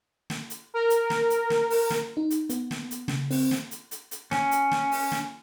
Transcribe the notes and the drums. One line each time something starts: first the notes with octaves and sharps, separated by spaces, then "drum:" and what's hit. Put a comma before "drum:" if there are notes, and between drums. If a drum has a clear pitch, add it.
drum: snare
drum: hi-hat
A#4
drum: hi-hat
drum: snare
drum: hi-hat
drum: snare
drum: open hi-hat
drum: snare
D#4
drum: hi-hat
B3, drum: hi-hat
drum: snare
drum: hi-hat
C#3, drum: snare
C4, drum: open hi-hat
drum: snare
drum: hi-hat
drum: hi-hat
drum: hi-hat
C#4, drum: snare
drum: hi-hat
drum: snare
drum: open hi-hat
drum: snare